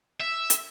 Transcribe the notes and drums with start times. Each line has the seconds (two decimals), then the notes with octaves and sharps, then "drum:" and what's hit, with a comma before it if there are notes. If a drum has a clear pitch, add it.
0.21 E5
0.50 drum: hi-hat